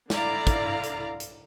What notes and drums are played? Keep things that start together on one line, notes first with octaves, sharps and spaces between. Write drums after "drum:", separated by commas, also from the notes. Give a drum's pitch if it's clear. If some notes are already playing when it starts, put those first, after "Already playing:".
D3 E4 D5 F5 A#5, drum: snare
drum: kick, hi-hat
drum: hi-hat
drum: hi-hat